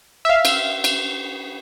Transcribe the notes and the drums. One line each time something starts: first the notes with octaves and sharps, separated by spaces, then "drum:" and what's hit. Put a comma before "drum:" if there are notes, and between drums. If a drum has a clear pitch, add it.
E5 F5
drum: cymbal
drum: cymbal